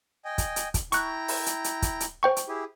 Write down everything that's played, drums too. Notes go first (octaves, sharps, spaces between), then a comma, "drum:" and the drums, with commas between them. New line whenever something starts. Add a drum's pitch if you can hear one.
D#5 G5 G#5
drum: kick, hi-hat
drum: hi-hat
drum: kick, hi-hat
E4 G5 A#5 C#6 F#6, drum: hi-hat
drum: open hi-hat
drum: hi-hat
drum: hi-hat
drum: kick, hi-hat
drum: hi-hat
C5 G5 C#6
drum: hi-hat
E4 G4 G#4